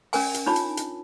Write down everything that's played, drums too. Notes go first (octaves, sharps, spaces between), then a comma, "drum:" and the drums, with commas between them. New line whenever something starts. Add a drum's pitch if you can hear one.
C#4 A#4 G#5, drum: open hi-hat
drum: hi-hat
D4 D#4 F4 C#5 A5
drum: hi-hat
drum: hi-hat